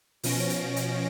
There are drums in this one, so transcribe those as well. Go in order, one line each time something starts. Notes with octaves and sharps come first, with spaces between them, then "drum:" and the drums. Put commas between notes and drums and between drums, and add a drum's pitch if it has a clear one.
B2 F3 C#4 A#6 D7, drum: open hi-hat
drum: hi-hat
drum: hi-hat